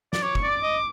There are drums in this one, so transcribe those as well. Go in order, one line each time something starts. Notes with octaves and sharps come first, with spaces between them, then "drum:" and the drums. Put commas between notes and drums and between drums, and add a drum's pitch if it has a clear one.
D5, drum: snare
C#5 D6
C#6, drum: kick
D5 D6
D#5